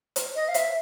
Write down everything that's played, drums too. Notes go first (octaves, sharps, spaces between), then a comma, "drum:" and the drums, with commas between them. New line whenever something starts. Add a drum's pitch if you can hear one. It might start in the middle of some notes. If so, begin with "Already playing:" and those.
drum: hi-hat
D#5
F5
E5, drum: hi-hat